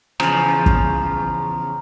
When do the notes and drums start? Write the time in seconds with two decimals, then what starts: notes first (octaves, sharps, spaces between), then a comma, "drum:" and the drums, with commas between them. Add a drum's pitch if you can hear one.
0.20 E2 C#3 F3 A#5, drum: rim click
0.66 drum: kick